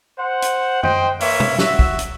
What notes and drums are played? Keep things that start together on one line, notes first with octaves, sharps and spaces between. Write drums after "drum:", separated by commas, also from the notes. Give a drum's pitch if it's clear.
C5 F#5
drum: hi-hat
C5 D#5 G5, drum: tom F#2
A#3 B4 C#5 E5, drum: open hi-hat
drum: tom B2
F#4 E5, drum: snare
drum: kick
drum: hi-hat